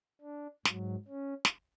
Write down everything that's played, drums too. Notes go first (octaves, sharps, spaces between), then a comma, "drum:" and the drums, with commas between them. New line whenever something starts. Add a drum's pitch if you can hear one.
D4
G#2 F#3, drum: snare
C#4
drum: snare